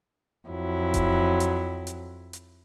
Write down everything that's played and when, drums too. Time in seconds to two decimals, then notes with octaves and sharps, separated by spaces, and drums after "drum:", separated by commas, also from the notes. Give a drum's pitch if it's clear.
0.47 F2 F#3 E4
0.94 drum: kick E1, hi-hat
1.40 drum: hi-hat
1.87 drum: hi-hat
2.33 drum: hi-hat